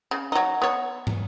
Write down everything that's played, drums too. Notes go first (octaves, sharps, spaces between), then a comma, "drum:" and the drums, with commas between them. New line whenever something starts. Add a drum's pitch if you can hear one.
C#3
F#3 D#4
B3 C#5
drum: tom